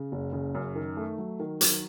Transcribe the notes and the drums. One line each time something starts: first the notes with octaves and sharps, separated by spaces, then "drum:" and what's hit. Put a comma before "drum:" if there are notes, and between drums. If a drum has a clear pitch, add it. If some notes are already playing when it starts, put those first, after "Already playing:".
Already playing: C#3
F#1
C#3
F#2
D#3
A3
F#3
D#3
F#3, drum: hi-hat